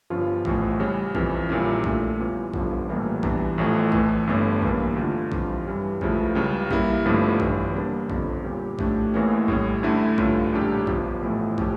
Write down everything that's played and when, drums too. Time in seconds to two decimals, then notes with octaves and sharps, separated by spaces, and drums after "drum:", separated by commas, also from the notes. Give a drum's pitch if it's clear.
0.10 G1 G2 F3 C#4 F4
0.45 A1 A2 F3, drum: kick
0.80 C#3 G3 C#4
1.15 F2 C#3 E3, drum: kick
1.49 A#1 A#2 G3 C#4 E4
1.84 A#2 A3 D4, drum: kick
2.19 E2 E3 G3 C#4 F4
2.54 G1 G2 D3 F3, drum: kick
2.88 A#1 A2 E3 G3 A#3
3.23 E2 E3 G3 D4, drum: kick
3.58 A1 A2 F3 A3
3.92 A2 E3 A3, drum: kick
4.27 G1 G2 D3 A3 C#4
4.62 G2 E3 A#3, drum: kick
4.96 D2 D3 A3 D4 F4
5.32 F2 E3 G3 D4 F4, drum: kick
5.66 G2 E3 G3 C#4
6.01 C#2 C#3 F3 A3 E4, drum: kick
6.35 C#2 C#3 G3
6.71 C#3 G3 A#3 E4, drum: kick
7.05 G1 G2 F3 A3 E4
7.40 G1 G2 E3, drum: kick
7.75 C#3 G3 A#3 D4
8.10 G1 F2 D3, drum: kick
8.44 A#2 G3 C#4 G4
8.79 A2 F3 A3 D4 G4, drum: kick
9.14 A1 A2 E3 A#3 C#4
9.48 A2 G3 C#4, drum: kick
9.83 D2 D3 A3 E4
10.18 G2 D3 A3 C#4 F4, drum: kick
10.52 A#1 A2 G3 D4 G4
10.87 G1 G2 F3, drum: kick
11.22 A1 A2 F3 A3 E4
11.58 A2 F3 C#4 G4, drum: kick